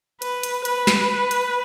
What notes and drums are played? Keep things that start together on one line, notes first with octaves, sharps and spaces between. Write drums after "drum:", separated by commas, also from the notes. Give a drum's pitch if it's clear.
B4, drum: hi-hat
drum: hi-hat
B4, drum: hi-hat
drum: snare
drum: hi-hat